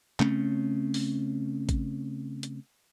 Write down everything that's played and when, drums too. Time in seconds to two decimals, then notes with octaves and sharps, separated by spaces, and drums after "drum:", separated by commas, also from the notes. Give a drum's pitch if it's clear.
0.20 C#3 A3 C4 C#4, drum: clap
0.94 drum: open hi-hat
1.69 drum: kick, hi-hat
2.43 drum: hi-hat